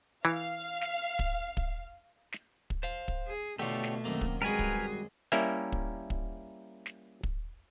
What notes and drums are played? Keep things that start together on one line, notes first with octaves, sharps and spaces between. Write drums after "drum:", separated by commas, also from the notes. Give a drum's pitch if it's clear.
E3 F5
drum: snare
drum: kick
drum: kick
drum: snare
drum: kick
C5 F5
drum: kick
G#4
B2 D3 A3 D4 F4 G4 C#5
drum: snare
F#2 C3 D#3 A#3
drum: kick
G3 G#3 F#4 G#4 A#4 B4 G#5
drum: kick
G3 A#3 C#4 E4 A#4 E5, drum: snare
drum: kick
drum: kick
drum: snare
drum: kick